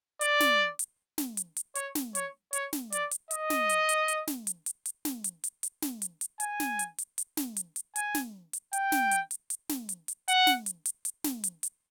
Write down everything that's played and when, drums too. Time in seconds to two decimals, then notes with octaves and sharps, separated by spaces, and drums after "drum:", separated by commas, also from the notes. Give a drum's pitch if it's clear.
0.21 D5, drum: hi-hat
0.40 drum: snare
0.79 drum: hi-hat
1.18 drum: snare
1.37 drum: hi-hat
1.57 drum: hi-hat
1.75 C#5, drum: hi-hat
1.95 drum: snare
2.15 C#5, drum: hi-hat
2.53 C#5, drum: hi-hat
2.73 drum: snare
2.92 D5, drum: hi-hat
3.11 drum: hi-hat
3.31 D#5, drum: hi-hat
3.50 drum: snare
3.69 drum: hi-hat
3.89 drum: hi-hat
4.08 drum: hi-hat
4.27 drum: snare
4.47 drum: hi-hat
4.66 drum: hi-hat
4.86 drum: hi-hat
5.05 drum: snare
5.24 drum: hi-hat
5.44 drum: hi-hat
5.63 drum: hi-hat
5.82 drum: snare
6.02 drum: hi-hat
6.21 drum: hi-hat
6.40 G#5, drum: hi-hat
6.60 drum: snare
6.79 drum: hi-hat
6.98 drum: hi-hat
7.18 drum: hi-hat
7.37 drum: snare
7.56 drum: hi-hat
7.76 drum: hi-hat
7.96 G#5, drum: hi-hat
8.15 drum: snare
8.53 drum: hi-hat
8.73 G5, drum: hi-hat
8.92 drum: snare
9.11 drum: hi-hat
9.31 drum: hi-hat
9.50 drum: hi-hat
9.69 drum: snare
9.89 drum: hi-hat
10.08 drum: hi-hat
10.28 F#5, drum: hi-hat
10.47 drum: snare
10.66 drum: hi-hat
10.86 drum: hi-hat
11.05 drum: hi-hat
11.24 drum: snare
11.44 drum: hi-hat
11.63 drum: hi-hat